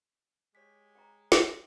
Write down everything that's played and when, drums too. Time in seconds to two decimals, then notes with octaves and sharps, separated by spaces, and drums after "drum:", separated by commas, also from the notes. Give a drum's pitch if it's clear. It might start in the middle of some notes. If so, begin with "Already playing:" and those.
0.55 G#3 G4 C#5 B6
0.95 G5 A#5
1.32 C5, drum: snare